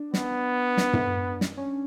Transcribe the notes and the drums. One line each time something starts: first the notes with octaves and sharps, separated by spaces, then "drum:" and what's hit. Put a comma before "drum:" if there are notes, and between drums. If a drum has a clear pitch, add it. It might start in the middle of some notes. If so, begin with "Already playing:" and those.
Already playing: D4
B3, drum: snare
drum: snare
drum: tom
drum: snare
C#4